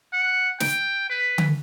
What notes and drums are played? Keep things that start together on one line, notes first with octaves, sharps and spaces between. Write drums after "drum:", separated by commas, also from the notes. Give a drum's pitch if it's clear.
F#5
G5, drum: snare
B4
drum: tom D3